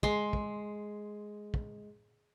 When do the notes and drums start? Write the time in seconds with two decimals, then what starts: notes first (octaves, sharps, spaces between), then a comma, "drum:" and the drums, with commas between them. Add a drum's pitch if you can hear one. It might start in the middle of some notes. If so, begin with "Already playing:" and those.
0.03 G#3 C6, drum: kick
0.33 drum: kick
1.54 drum: kick